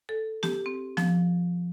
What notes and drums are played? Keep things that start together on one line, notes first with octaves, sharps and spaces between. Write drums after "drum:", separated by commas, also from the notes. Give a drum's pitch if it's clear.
A4
G4, drum: snare B3
C4
F3, drum: snare B3